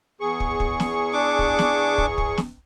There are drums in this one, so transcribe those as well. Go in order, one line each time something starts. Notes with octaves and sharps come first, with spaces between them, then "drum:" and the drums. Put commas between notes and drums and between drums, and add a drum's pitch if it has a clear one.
E2 G#4 C#6
drum: kick
drum: kick
drum: snare
D4 D6
drum: kick
drum: snare
drum: kick
drum: kick
drum: snare